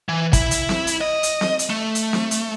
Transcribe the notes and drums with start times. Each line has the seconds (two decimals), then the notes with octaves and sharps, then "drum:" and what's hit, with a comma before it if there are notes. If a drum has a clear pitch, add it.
0.09 E3
0.33 E4, drum: kick, hi-hat
0.51 drum: hi-hat
0.69 drum: snare C4
0.87 drum: hi-hat
1.01 D#5
1.23 drum: hi-hat
1.41 drum: snare C4
1.59 drum: hi-hat
1.70 A3
1.95 drum: hi-hat
2.13 drum: snare C4
2.31 drum: hi-hat